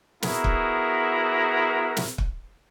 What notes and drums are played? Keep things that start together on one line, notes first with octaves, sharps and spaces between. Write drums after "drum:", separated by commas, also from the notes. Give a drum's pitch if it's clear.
B3 E4 F#4 G#4 A#4 A#5, drum: snare
drum: kick
drum: snare
drum: kick